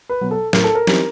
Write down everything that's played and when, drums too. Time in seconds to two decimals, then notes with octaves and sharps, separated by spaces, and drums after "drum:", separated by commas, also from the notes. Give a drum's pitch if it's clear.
0.09 B4
0.21 B2 F#3
0.31 A4
0.53 A2 A#4, drum: snare
0.64 A4
0.75 A#4
0.87 E3 G3 C4 D#4, drum: snare